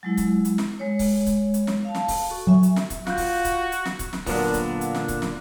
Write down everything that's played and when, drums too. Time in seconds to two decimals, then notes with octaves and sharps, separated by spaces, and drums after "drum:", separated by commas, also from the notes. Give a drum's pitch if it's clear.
0.03 F#3 G#3 E4
0.17 drum: kick C#1, hi-hat
0.45 drum: hi-hat
0.58 drum: snare
0.79 G#3 C#5
0.99 drum: kick C#1, open hi-hat
1.26 drum: kick C#1, hi-hat
1.54 drum: hi-hat
1.67 drum: snare
1.85 F5 A5
1.95 drum: snare
2.08 drum: kick C#1, open hi-hat
2.30 F#4 A4 C#6
2.47 F#3 E5 G#5
2.63 drum: hi-hat
2.76 drum: snare
2.90 drum: kick C#1, hi-hat
3.07 F4 F#4 F#6 G6, drum: snare
3.17 drum: kick C#1, open hi-hat
3.45 drum: kick C#1, hi-hat
3.72 drum: hi-hat
3.86 drum: snare
3.99 drum: kick C#1, hi-hat
4.13 drum: snare
4.27 A#2 D3 F#3 B3 D4 A#4 F5 F#5, drum: kick C#1, open hi-hat
4.54 drum: kick C#1, hi-hat
4.81 drum: hi-hat
4.95 drum: snare
5.08 drum: kick C#1, hi-hat
5.22 drum: snare